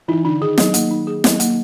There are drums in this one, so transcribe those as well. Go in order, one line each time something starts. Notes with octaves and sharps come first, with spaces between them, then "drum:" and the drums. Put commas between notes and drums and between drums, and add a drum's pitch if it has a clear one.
E3 D#4
D3 D#4
D#3 G#4
D#3 F#3, drum: snare
D#3 A#3, drum: hi-hat
D#4
G#4
F#3, drum: snare
A#3, drum: hi-hat